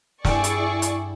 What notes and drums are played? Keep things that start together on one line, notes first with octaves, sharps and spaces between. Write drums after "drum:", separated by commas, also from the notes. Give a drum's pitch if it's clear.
G2 E4 G#4 D5 G5 C#6 E6, drum: snare
drum: hi-hat
drum: hi-hat